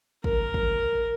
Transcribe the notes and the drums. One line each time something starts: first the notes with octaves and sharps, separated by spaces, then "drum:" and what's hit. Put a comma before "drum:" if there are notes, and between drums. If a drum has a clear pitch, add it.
A#4, drum: kick
drum: kick